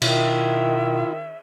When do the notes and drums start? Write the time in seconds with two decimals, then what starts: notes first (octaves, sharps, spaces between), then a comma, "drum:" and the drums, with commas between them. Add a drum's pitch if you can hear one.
0.02 B2 D#3 E4 F4 E5, drum: cymbal